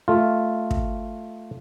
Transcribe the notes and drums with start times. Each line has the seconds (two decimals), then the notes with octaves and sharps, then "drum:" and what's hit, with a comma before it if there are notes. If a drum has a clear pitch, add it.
0.08 A3 F4
0.71 drum: kick